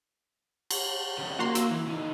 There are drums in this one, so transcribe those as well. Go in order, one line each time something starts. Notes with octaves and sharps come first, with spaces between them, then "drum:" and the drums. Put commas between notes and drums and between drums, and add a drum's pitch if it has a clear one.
drum: cymbal
F2 C#3
A#3 F#4 A#5 C6
E6, drum: hi-hat
E3
C#3 D#4